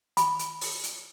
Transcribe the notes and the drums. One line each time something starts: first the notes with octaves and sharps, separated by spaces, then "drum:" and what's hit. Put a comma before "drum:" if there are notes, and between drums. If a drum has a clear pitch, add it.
B5, drum: hi-hat
drum: hi-hat
drum: open hi-hat
drum: hi-hat